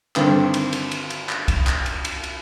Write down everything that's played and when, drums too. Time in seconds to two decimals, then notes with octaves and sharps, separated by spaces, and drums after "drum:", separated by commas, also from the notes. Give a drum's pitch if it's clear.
0.16 G2 D3 D#3 C4, drum: clap
0.54 drum: cymbal
0.73 drum: cymbal
0.91 drum: cymbal
1.10 drum: cymbal
1.29 drum: clap
1.48 drum: kick C2, cymbal
1.67 drum: clap
1.86 drum: cymbal
2.05 drum: cymbal
2.23 drum: cymbal